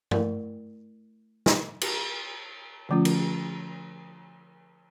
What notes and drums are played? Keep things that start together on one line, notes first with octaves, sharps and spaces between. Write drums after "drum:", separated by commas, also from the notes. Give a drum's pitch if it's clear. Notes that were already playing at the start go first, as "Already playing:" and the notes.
A3 E4 A#4 D5, drum: tom
drum: snare
drum: cymbal
D3 F3 A3 C#4 F4
drum: cymbal